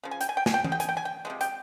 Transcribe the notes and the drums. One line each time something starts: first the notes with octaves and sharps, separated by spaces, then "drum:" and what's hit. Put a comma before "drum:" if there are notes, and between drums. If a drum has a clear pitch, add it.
C#3 F3
G#5
G5, drum: hi-hat
G#5
G5
G#5, drum: snare
G5
C#3 F3, drum: tom E3
G5
G#5, drum: hi-hat
G5
G#5
G5
C3 F3 G#3
G5, drum: hi-hat